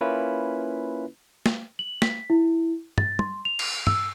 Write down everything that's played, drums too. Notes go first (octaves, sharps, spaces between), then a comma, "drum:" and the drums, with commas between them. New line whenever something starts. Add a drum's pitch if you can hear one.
A#3 C#4 E4 F4 B4
drum: snare
F#7
B6, drum: snare
E4
A6, drum: tom
C6, drum: tom
F7
drum: cymbal
E6, drum: tom